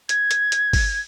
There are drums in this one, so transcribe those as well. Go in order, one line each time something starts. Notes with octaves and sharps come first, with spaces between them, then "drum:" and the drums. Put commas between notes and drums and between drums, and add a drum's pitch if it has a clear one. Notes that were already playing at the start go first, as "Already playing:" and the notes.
G#6, drum: hi-hat
drum: hi-hat
drum: hi-hat
drum: kick G#1, open hi-hat